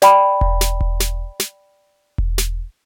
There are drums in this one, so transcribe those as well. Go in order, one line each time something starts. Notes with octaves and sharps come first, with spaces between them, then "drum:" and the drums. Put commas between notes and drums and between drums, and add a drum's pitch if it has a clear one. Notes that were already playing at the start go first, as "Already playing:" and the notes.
D5 G5 B5, drum: snare
drum: kick E1
drum: snare
drum: kick E1
drum: snare
drum: snare
drum: kick E1
drum: snare